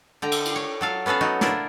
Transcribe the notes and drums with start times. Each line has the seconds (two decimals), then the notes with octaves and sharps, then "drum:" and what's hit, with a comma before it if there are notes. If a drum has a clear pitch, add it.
0.22 D3 G5 A#5
0.32 drum: cymbal
0.45 drum: cymbal
0.56 C#5
0.81 F#3 A4 F5
1.06 B3 C#4 A4 B4 F5
1.21 F#3 D#4 F#4
1.41 D4 E4 F4 A#4, drum: snare